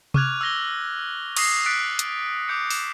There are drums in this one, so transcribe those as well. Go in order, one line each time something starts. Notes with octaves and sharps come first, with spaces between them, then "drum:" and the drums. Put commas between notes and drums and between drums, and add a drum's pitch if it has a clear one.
C#6 D6 F6 F#6 G#6 F7, drum: tom C3
E6 G#6 A#6 G7
C#6 D#6 A#6 C7, drum: cymbal
E6 F#6 A6 B6 C#7 D7
drum: hi-hat
D6 D#6 G6 C#7 D7
E7, drum: open hi-hat